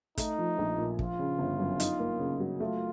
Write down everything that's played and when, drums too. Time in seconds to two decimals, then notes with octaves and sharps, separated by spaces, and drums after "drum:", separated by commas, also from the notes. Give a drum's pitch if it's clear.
0.17 A3 D#4, drum: kick, hi-hat
0.39 F3
0.58 A#1
0.78 A#2
0.99 F3 F4, drum: kick
1.19 C#3
1.39 G1
1.59 F#2
1.80 D#4, drum: hi-hat
2.00 A#3
2.19 C#3
2.40 F#3
2.60 A3 F4